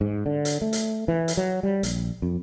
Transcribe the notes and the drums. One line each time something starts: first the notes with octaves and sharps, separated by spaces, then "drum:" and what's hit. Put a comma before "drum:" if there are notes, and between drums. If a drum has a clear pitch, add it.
G#2
D3
drum: hi-hat
A3
drum: hi-hat
E3
drum: hi-hat
F#3
G3
A#1, drum: hi-hat
F2